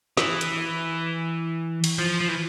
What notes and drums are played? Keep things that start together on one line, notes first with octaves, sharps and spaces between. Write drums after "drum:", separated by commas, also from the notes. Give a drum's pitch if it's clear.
E3, drum: snare
drum: hi-hat
drum: cymbal
F3
F3
E3